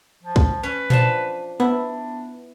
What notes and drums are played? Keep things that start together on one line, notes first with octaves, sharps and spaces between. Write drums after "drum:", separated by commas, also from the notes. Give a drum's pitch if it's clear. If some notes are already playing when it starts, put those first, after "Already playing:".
F3
drum: kick
C#4 B4
F3 D4 A5, drum: tom A#2
B3 D4 E4